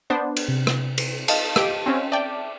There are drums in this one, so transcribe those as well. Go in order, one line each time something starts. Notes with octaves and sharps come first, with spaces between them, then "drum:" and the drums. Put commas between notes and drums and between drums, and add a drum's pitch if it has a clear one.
B3 D4 C5
drum: cymbal
C3
drum: rim click
drum: cymbal
D#5 F5 A5, drum: cymbal
G4 D7, drum: rim click
C4 C#4
D5 E5 G5 A5 D6